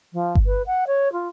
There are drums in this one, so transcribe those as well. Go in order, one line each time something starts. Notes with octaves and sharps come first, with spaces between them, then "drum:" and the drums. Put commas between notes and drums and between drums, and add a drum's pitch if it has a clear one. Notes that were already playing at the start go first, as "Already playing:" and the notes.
F3
drum: kick G1
B4
F#5
C#5
F4